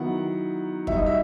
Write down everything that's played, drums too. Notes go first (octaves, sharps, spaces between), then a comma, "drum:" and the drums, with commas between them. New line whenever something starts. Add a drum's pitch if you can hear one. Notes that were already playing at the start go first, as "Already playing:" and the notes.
Already playing: D#3 F#3 B3 E4 F#5
B2 G3 D#4 E5, drum: kick
D#5
E5